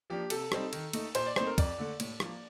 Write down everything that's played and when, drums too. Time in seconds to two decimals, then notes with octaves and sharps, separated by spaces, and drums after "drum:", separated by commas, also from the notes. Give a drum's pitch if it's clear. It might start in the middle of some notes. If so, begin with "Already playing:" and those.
0.10 F3 A#3 D4 G4
0.30 C3 A4, drum: cymbal
0.52 G3 C4 D#4, drum: rim click
0.73 D#3, drum: cymbal
0.93 A3 D#4, drum: cymbal
1.15 A#2 C5, drum: cymbal
1.26 D5
1.36 A3 C4 D#4 C5, drum: rim click
1.47 A#4
1.58 F2 D5, drum: kick, cymbal
1.78 D3 A3
2.00 A2, drum: cymbal
2.20 F3 A#3, drum: rim click